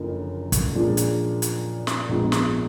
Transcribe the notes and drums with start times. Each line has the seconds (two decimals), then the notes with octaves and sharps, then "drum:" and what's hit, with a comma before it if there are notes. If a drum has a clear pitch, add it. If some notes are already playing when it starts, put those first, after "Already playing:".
Already playing: F#1 F#2 D3 F3 A#3
0.52 drum: kick, hi-hat
0.75 A#2 F3 G#3 D4
0.97 drum: hi-hat
1.42 drum: hi-hat
1.87 drum: snare
2.09 A#1 G#2 F3 B3
2.32 drum: snare